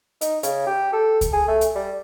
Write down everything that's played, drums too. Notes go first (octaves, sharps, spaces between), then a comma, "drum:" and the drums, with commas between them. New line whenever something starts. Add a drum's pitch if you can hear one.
D#4, drum: hi-hat
C#3, drum: hi-hat
G4
A4
drum: kick C#2, hi-hat
G#4
A3
drum: hi-hat
G3